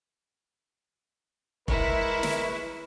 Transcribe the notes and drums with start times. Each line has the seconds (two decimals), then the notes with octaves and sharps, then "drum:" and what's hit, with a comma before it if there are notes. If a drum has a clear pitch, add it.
1.68 G#3 E4 A#4 B4 C#6, drum: kick
2.23 drum: snare